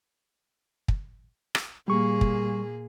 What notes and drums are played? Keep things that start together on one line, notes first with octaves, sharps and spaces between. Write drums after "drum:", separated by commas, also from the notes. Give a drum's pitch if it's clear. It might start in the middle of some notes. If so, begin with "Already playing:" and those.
drum: kick
drum: rim click
A#2 G3 A#3 G#4 C#6
drum: kick